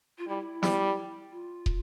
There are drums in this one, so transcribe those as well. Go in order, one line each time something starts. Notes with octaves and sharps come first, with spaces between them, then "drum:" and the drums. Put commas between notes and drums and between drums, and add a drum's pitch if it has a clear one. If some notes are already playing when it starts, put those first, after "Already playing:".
F4
G3 E4
G3, drum: snare
F4
drum: kick